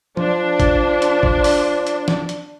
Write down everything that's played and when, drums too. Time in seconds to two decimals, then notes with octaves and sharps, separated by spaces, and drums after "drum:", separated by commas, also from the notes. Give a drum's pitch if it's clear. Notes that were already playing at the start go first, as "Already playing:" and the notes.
0.17 F3 D4, drum: tom F3
0.60 drum: kick, hi-hat
1.02 drum: hi-hat
1.23 drum: kick
1.44 drum: open hi-hat
1.87 drum: hi-hat
2.08 drum: snare
2.29 drum: hi-hat